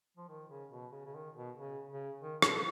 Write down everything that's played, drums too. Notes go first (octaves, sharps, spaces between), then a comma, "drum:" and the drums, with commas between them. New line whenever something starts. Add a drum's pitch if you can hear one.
F3
D#3
C#3
B2
C#3
C#3
D#3
B2
C#3
C#3
D#3
B2, drum: rim click